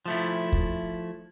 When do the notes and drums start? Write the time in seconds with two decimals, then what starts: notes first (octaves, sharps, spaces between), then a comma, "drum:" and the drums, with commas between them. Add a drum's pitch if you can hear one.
0.06 F3 A3 E4
0.52 drum: kick